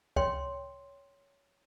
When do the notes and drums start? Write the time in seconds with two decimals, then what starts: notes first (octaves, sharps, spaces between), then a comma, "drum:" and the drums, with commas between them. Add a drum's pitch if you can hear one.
0.16 C#5 G5 C6, drum: kick C#2